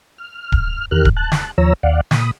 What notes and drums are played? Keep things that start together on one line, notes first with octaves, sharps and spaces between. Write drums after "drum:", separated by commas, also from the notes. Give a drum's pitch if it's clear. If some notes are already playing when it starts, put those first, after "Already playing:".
F6
drum: kick D1
E2 D#3 G4 A#4 F6 F#6
drum: kick D1
A5 F#6
drum: snare
D#2 F3 C#5 A#5 E6
D#2 D5 F5 F#5
A#2 B5 D#6, drum: snare